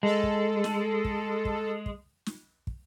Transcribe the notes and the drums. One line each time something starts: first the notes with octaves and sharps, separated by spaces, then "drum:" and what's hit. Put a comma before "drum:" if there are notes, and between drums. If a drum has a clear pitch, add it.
G#3 A4
drum: kick
drum: snare
drum: kick
drum: kick
drum: kick
drum: snare
drum: kick